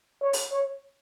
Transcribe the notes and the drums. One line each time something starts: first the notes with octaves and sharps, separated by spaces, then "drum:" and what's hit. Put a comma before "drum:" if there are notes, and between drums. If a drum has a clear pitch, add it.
C#5
drum: open hi-hat
C#5